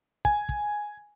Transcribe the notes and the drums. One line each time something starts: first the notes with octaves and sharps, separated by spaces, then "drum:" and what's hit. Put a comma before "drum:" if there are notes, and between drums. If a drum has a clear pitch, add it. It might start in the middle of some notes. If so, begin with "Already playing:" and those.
G#5, drum: kick
drum: kick